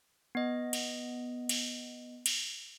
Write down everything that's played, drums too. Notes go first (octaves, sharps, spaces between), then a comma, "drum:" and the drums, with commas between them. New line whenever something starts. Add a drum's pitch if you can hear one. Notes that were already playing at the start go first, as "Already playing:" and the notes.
B3 D#5
drum: cymbal
drum: cymbal
drum: cymbal